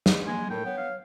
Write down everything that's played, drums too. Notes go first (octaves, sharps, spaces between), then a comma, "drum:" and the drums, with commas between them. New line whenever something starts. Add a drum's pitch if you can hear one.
drum: snare
G#3 A#3 G#5
A2 A#4 G5
B3 C#5
F5